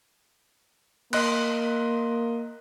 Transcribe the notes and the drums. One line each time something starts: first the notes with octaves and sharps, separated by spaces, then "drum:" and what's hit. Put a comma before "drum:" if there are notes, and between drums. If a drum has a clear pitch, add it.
A#3 D#5 C6 F#6, drum: cymbal